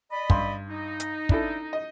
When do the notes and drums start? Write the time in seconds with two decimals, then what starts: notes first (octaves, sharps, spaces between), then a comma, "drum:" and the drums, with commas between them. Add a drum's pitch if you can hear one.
0.11 D5 D#5 B5
0.30 G2 C6, drum: kick
0.69 D#4
1.00 drum: hi-hat
1.29 D4 E4 A4, drum: kick
1.73 D#5